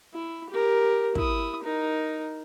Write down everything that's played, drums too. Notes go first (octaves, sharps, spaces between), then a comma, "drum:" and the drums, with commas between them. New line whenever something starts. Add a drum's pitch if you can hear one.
E4
G4 A#4
E4 D#6, drum: kick
D#4 A#4